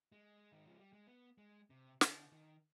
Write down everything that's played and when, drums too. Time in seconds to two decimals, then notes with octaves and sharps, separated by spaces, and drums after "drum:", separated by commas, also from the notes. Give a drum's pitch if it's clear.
0.12 G#3
0.52 D#3
0.66 F3
0.79 G3
0.93 G#3
1.07 B3
1.38 G#3
1.70 C3
2.01 D3, drum: snare
2.33 D#3